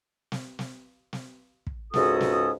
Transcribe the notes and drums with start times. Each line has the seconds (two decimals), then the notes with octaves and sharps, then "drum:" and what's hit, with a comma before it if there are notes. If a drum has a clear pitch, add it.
0.32 drum: snare
0.59 drum: snare
1.13 drum: snare
1.67 drum: kick
1.94 C#2 G#2 C#4 F#4 A4 D#6, drum: snare
2.21 drum: snare